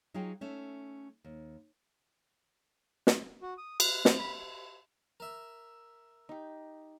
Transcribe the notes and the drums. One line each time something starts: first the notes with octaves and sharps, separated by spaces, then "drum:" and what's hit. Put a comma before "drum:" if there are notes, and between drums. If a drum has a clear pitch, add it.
F#3 D#4 F4 F#4 G#4 G5
A3 C#4 E5
D#2
drum: snare
F#4
D#6
F#6, drum: cymbal
C4, drum: snare
B5
A#4 E5
D#4 G4